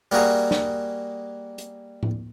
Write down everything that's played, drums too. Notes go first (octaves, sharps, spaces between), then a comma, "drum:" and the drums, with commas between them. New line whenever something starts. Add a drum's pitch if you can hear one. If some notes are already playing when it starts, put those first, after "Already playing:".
G3 A#3 F#4 G#4 F5, drum: open hi-hat
drum: snare
drum: hi-hat
drum: tom A2